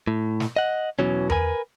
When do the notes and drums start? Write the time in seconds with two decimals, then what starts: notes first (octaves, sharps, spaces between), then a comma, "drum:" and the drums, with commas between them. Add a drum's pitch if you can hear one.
0.07 A2
0.40 drum: snare
0.56 D#5 F#5
0.99 E2 B2 E3 F#3 C#4
1.30 A#4 B4 G#5, drum: tom E2